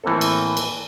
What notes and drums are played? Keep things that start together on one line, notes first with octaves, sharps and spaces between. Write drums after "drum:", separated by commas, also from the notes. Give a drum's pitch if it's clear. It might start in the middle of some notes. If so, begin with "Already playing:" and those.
A2 E3 A#3 C4 A4
drum: cymbal
drum: cymbal